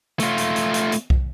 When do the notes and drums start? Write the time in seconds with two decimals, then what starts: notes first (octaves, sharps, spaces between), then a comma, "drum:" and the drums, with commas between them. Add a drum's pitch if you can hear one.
0.20 A3 F4, drum: hi-hat
0.38 drum: hi-hat
0.56 drum: hi-hat
0.74 drum: hi-hat
0.92 drum: hi-hat
1.10 drum: kick B1